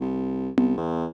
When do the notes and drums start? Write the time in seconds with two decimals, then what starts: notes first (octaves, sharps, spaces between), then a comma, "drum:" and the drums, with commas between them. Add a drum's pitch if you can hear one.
0.01 C2
0.58 C2, drum: tom B3
0.78 E2